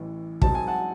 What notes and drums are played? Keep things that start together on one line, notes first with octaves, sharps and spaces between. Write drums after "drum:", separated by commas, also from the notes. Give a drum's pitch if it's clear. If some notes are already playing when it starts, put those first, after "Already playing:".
Already playing: A1 A2 E3
G#2 F#3 C4 D#4 A5, drum: kick
G#5
F#5 A5